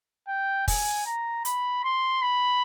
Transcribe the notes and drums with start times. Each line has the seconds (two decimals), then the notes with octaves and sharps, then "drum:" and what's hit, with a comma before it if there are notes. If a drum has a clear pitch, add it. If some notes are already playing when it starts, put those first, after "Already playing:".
0.28 G5
0.68 G#5, drum: kick, open hi-hat
1.06 A#5
1.45 B5, drum: hi-hat
1.84 C6
2.22 B5